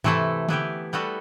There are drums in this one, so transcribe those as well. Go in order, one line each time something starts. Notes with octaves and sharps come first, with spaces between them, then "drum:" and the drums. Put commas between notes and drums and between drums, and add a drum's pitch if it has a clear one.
C3 E3 A3 E4 A4, drum: tom G#2
E3 B3 E4 G4, drum: tom D3
G3 B3 F#4 A4